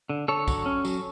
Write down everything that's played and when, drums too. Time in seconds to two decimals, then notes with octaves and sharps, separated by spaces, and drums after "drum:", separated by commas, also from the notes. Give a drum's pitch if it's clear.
0.10 D3
0.28 D3 A4 C#5
0.48 F#3, drum: kick, tambourine
0.66 C#4
0.85 F#3, drum: tambourine